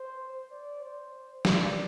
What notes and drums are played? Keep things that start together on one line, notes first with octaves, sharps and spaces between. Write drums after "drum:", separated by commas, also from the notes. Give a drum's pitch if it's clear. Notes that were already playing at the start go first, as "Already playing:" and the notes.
Already playing: C5
D5
C5
D5, drum: snare